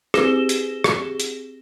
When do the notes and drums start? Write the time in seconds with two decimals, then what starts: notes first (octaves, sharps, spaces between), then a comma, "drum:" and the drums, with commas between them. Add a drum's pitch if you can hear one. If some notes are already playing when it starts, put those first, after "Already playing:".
0.14 C4 G4 G#4 A#6 E7 G7, drum: rim click
0.49 drum: hi-hat
0.84 drum: rim click
1.20 drum: hi-hat